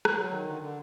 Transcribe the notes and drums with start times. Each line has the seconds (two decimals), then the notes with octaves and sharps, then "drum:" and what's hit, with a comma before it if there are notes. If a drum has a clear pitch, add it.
0.05 drum: rim click
0.16 F#3
0.32 D#3
0.47 D3
0.62 D3